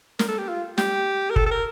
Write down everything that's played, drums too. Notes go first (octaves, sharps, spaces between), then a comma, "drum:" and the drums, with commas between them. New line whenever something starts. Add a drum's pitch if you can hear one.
A#4, drum: snare
A4
G4
F4
G4, drum: snare
A#4
A4, drum: kick
A4
A#4